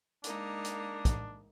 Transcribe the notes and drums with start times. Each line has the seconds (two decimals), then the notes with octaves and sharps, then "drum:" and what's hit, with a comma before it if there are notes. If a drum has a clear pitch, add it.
0.24 G#3 A#3 D4 D#4, drum: hi-hat
0.64 drum: hi-hat
1.05 drum: kick, hi-hat